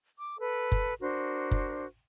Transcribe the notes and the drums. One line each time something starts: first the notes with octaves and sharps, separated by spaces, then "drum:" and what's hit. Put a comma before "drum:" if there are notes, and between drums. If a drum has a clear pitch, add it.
D6
A4 B4
drum: kick F#1
D4 F#4 A#4 C5
drum: kick F#1